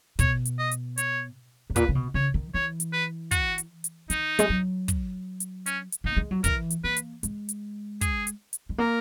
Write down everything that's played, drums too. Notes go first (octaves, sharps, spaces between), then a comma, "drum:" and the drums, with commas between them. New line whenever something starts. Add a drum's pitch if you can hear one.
B2 C#5, drum: kick, hi-hat
drum: hi-hat
D#5
drum: hi-hat
C#5, drum: hi-hat
G#2
A#2 B4, drum: kick, hi-hat
C#3
B2
C#3 C#5
D#3
E3 C#5
drum: hi-hat
B4
F#4, drum: kick, hi-hat
drum: hi-hat
drum: hi-hat
D#3 D#4, drum: hi-hat
G#3, drum: hi-hat
F#3
drum: kick, hi-hat
drum: hi-hat
C#4, drum: hi-hat
drum: hi-hat
A#3 D#4
G#3
F#3
E3 A#4, drum: kick, hi-hat
drum: hi-hat
A#3 B4
drum: hi-hat
G#3, drum: hi-hat
drum: hi-hat
G#4, drum: kick, hi-hat
drum: hi-hat
drum: hi-hat
G#3
A#3 A#4